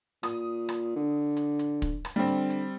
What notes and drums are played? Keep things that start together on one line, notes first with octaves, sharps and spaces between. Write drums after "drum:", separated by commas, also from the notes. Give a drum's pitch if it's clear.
A#2 D#6, drum: rim click
drum: rim click
D3
drum: hi-hat
drum: hi-hat
drum: kick, hi-hat
drum: rim click
D3 G3 C4
drum: hi-hat
drum: hi-hat